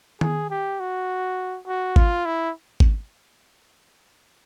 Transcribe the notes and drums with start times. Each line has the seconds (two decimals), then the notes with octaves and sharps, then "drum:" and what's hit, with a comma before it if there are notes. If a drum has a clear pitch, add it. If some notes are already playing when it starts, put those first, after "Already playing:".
0.21 G#4, drum: tom D#3
0.50 G4
0.80 F#4
1.67 F#4
1.96 F4, drum: kick G#1
2.25 E4
2.80 drum: kick G#1